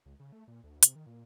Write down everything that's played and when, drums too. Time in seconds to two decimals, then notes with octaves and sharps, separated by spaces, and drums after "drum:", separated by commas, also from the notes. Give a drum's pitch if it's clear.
0.06 C#2
0.20 C#3
0.32 A3
0.48 A#2
0.64 D2
0.83 C3, drum: hi-hat
0.95 D#3
1.06 A#2